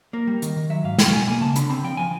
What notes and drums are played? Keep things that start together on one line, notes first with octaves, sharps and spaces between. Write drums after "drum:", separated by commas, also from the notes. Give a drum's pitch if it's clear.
A#3 A#4
G3
D#3, drum: hi-hat
D#3
F#3 E5
G#2 F5
F#3 G5, drum: snare
B2 G#5
A#3 G#5
C#3 A5
D3 B5, drum: hi-hat
C4 B5
F3 G5
F3 G#5